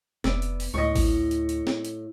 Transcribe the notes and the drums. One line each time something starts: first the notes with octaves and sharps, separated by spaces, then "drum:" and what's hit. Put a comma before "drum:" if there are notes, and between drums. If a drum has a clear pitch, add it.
F1 B3 D5 E5, drum: snare
drum: hi-hat
drum: open hi-hat
D2 A2 D#5 C#6
drum: kick A1, open hi-hat
drum: hi-hat
drum: hi-hat
drum: snare
drum: hi-hat